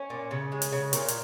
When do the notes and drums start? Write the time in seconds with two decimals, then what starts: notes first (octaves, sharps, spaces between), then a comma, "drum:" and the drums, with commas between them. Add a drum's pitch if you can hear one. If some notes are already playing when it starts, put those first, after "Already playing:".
Already playing: C#4
0.10 A#2
0.31 C#3
0.52 G#3
0.62 drum: hi-hat
0.72 C#3
0.93 A#2, drum: hi-hat
1.09 drum: hi-hat